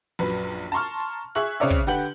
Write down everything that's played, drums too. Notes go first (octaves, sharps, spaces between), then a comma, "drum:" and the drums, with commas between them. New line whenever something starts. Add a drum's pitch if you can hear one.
A#1 F#2 B4
drum: hi-hat
A5 A#5 C6 C#6 F6
drum: hi-hat
G#4 E5 C#6 F#6 F#7, drum: hi-hat
C#3 C4 C#5 D5 E5
drum: kick, hi-hat
D3 G4 B4 F#5 G6 F#7